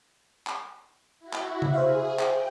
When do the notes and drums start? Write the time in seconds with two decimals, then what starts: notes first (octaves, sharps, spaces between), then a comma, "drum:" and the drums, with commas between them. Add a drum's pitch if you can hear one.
0.47 drum: clap
1.19 E4 F#4
1.33 drum: clap
1.62 drum: tom C#3
1.74 G#4 C5 E5 F5
2.19 G5, drum: clap